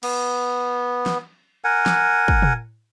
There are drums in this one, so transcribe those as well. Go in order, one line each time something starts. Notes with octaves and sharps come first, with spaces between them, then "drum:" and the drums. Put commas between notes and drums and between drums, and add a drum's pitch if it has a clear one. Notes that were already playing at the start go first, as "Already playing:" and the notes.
B3, drum: cymbal
drum: snare
A#4 F#5 G#5
drum: snare
drum: kick
drum: tom